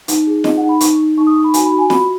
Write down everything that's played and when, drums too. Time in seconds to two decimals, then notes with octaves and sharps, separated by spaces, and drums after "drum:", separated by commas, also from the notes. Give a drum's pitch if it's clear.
0.08 D#4, drum: hi-hat
0.27 G#4
0.44 D#4 D#5, drum: snare
0.57 F#5
0.63 D#4
0.69 B5
0.81 D#4 C#6, drum: hi-hat
0.99 D#4
1.17 D#4 C#6
1.27 D#6
1.36 D#4 C#6
1.44 B5
1.54 F#4 G#5, drum: hi-hat
1.66 B5
1.72 F#4
1.78 G#5
1.90 F#4 B5, drum: snare